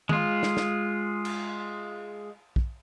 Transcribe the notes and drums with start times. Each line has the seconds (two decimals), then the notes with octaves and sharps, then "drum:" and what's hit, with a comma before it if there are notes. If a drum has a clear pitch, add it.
0.09 G#3 F4, drum: tom
0.43 drum: snare
0.57 drum: snare
1.25 drum: cymbal
2.56 drum: kick